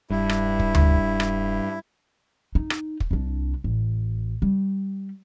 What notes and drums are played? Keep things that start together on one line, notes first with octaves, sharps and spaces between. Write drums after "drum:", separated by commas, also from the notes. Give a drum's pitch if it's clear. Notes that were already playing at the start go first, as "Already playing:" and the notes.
E1 G2 E4
drum: rim click
drum: kick
drum: tom D2
drum: rim click
D#4
drum: rim click
drum: kick
C2 D4
A1
G3